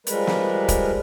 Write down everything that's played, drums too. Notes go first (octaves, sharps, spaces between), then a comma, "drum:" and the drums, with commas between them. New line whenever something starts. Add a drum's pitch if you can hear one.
F3 G3 G#3 A#4 B4, drum: hi-hat
drum: snare
drum: kick, hi-hat